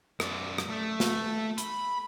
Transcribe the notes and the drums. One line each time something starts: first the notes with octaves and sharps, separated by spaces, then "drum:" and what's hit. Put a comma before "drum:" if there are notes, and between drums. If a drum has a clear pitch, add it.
F#2 D5, drum: rim click
drum: rim click
A3
drum: snare
B5, drum: hi-hat